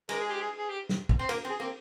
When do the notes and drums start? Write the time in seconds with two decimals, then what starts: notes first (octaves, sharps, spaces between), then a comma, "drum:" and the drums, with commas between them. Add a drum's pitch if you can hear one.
0.09 G#3 A#4, drum: cymbal
0.20 G#4
0.30 G4
0.41 G#4
0.58 G#4
0.69 G4
0.89 drum: snare
1.09 drum: kick
1.19 C4 C5
1.29 A#3 A#4, drum: cymbal
1.45 C4
1.49 G#4
1.60 A#3 C4